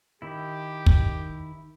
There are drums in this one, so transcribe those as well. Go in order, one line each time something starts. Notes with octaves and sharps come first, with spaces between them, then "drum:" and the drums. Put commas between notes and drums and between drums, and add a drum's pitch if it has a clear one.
D#3 E4 G4
drum: kick